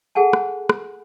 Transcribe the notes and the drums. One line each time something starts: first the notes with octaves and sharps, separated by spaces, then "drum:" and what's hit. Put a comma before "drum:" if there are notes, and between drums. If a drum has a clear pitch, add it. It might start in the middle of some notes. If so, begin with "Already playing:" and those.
G#4 A4 F#5 G#5 A5
drum: rim click
drum: rim click